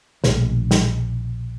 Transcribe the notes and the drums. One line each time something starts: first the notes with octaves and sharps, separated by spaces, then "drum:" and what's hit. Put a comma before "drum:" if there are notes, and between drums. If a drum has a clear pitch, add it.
A#1 B2 D#3 A3, drum: snare
drum: snare